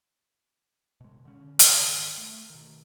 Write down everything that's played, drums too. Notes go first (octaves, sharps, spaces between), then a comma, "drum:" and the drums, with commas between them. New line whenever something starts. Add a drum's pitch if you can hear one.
B2 G#3
D3 C#4
C#3 E3 F#3 B3, drum: hi-hat
G#1 F#2 D#3
A3
B2 D#3